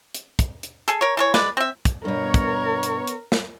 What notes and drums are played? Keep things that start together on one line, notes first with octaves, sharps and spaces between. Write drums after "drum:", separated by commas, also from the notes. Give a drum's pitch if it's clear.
drum: hi-hat
drum: kick, hi-hat
drum: hi-hat
G#4 A4, drum: hi-hat
A#4 C#5
E3 A#4 C#5
G#3 B4 D5, drum: snare
C4 E5
drum: kick, hi-hat
G2 B2 B3 A#4 C#5
drum: kick, hi-hat
drum: hi-hat
drum: hi-hat
drum: snare